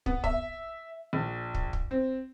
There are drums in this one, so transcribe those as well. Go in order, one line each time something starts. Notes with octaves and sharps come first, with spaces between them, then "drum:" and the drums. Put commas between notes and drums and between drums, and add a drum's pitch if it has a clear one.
B3, drum: kick
E5, drum: kick
A#1
drum: kick
drum: kick
C4